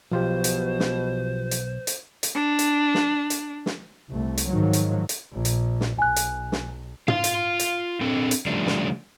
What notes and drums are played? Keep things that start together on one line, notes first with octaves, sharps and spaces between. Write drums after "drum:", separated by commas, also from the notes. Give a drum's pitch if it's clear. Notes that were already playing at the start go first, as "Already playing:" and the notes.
B1 B2 F3 F4 G4 C5
drum: hi-hat
drum: snare
drum: hi-hat
drum: hi-hat
drum: hi-hat
D4
drum: hi-hat
drum: snare
drum: hi-hat
drum: snare
C2 C3 A3
drum: hi-hat
G#2 D#3 F3 F#3
drum: hi-hat
drum: hi-hat
A#1
drum: hi-hat
drum: snare
B1 G#5 F#6
drum: hi-hat
drum: snare
F4 F5, drum: tom
drum: hi-hat
drum: hi-hat
C4 D4 A4
drum: hi-hat
C#3 F3 G3 A3 D4
drum: snare